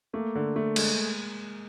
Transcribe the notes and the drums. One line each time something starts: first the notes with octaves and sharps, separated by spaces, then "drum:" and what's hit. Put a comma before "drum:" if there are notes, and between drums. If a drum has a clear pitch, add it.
A3 A#3
D3
A3
G#3, drum: cymbal